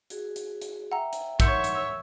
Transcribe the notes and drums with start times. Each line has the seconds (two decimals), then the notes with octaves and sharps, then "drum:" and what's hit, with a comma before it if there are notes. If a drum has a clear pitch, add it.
0.10 F#4 G#4, drum: hi-hat
0.36 drum: hi-hat
0.62 drum: hi-hat
0.92 E5 F#5 G5 A#5 E6
1.13 drum: hi-hat
1.40 D#4 A#4 C#5 E5 F#5 C6 G6 C#7, drum: kick, hi-hat
1.64 drum: hi-hat